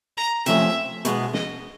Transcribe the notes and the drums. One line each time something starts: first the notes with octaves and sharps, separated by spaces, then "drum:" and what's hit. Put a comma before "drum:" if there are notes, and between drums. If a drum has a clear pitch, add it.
A#5
C3 F3 A3 C#4 E5, drum: hi-hat
B2 G#3 B3, drum: hi-hat
D#5, drum: snare